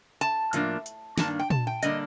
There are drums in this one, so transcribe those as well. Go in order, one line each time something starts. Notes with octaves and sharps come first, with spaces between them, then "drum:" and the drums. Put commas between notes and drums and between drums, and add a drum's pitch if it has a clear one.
A5, drum: hi-hat
A2 F3 A#3 D4, drum: hi-hat
drum: hi-hat
G2 D#3 A#3 D4 A5, drum: snare
G5
A5, drum: tom A#2
G5
D3 G3 A#3 D4 D#5, drum: hi-hat